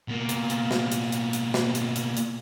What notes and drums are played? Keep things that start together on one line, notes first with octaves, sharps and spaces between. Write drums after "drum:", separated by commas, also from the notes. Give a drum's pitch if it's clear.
B2 A#3
drum: hi-hat
drum: hi-hat
drum: snare
drum: hi-hat
drum: hi-hat
drum: hi-hat
drum: snare
drum: hi-hat
drum: hi-hat
drum: hi-hat